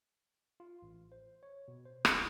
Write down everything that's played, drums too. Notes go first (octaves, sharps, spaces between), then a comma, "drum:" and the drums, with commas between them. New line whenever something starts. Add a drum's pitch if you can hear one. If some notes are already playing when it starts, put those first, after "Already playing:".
F4
A1
C5
C#5
B2
C5
F#5, drum: rim click